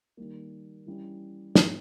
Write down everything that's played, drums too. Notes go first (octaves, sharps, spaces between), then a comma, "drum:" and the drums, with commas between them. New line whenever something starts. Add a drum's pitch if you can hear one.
D#3 G3 A#3
E3 G3 C#4
G#2 G3 B3, drum: snare